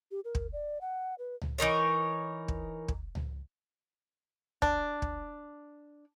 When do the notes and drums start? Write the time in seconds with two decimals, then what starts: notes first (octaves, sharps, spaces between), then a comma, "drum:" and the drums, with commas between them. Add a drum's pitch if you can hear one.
0.11 G4
0.25 A#4
0.35 drum: kick
0.53 D5
0.81 F#5
1.18 B4
1.41 drum: tom C#2
1.58 E3 D#4 A#4 C#5
2.48 drum: kick
2.88 drum: kick
3.15 drum: tom C#2
4.62 D4, drum: kick
5.02 drum: kick